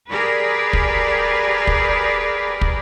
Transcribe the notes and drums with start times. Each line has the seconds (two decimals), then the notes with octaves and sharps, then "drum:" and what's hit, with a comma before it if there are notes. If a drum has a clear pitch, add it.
0.11 G4 G#4 A#4 B4 D5
0.73 drum: kick
1.67 drum: kick
2.61 drum: kick